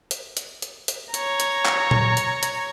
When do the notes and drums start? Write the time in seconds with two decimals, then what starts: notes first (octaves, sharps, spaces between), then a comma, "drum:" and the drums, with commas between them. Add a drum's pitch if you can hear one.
0.11 drum: hi-hat
0.37 drum: hi-hat
0.62 drum: hi-hat
0.88 drum: hi-hat
1.14 C#5 A#5, drum: hi-hat
1.40 drum: hi-hat
1.65 drum: clap
1.91 drum: tom A#2
2.17 drum: hi-hat
2.43 drum: hi-hat